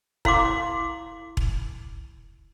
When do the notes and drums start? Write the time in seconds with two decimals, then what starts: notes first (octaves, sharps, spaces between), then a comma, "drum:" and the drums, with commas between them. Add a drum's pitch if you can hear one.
0.25 E4 F5 C6 D6, drum: kick E1
1.37 drum: kick E1